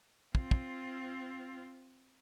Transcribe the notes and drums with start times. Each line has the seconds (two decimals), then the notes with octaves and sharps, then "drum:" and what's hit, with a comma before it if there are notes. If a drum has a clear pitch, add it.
0.35 C4 F4, drum: kick
0.51 drum: kick